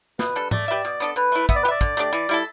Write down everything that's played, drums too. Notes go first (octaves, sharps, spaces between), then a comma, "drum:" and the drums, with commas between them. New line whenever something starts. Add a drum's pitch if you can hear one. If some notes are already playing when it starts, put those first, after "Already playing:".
B2 B4, drum: snare
G3 D4 A4
A3 D5, drum: tom G#2
G4 B4 E5
B2, drum: hi-hat
B3 D4 A4
D3 B4
A3 E4
B3 E5, drum: kick, hi-hat
D5
G4 B4
D5 E5
D3, drum: kick
A3 D4 G4
E3
G3 E4 A4